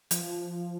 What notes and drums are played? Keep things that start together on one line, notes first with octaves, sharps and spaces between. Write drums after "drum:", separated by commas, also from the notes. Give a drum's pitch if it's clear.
F3, drum: hi-hat